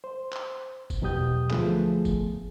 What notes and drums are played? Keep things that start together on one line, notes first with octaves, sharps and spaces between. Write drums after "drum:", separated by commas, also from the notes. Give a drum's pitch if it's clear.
C5
drum: clap
drum: kick F#1, tambourine
E2 B2 F#3 G4 D#6 G6
D2 F3 A3 B3 G#4, drum: clap
drum: kick F#1, tambourine